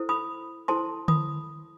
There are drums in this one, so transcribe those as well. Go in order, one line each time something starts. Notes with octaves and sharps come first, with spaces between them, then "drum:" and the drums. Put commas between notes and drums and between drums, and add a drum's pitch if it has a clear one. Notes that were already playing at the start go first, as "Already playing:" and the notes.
Already playing: E4 A4 C5
B5 D#6
E4 A4 C5 A5 C6
B5 D#6, drum: tom D3